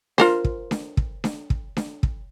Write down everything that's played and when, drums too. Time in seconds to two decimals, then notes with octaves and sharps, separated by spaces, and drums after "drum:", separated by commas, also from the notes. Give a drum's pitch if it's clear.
0.18 F4 A#4 C5, drum: snare D4
0.44 drum: kick
0.71 drum: snare D4
0.97 drum: kick
1.24 drum: snare D4
1.50 drum: kick
1.77 drum: snare D4
2.03 drum: kick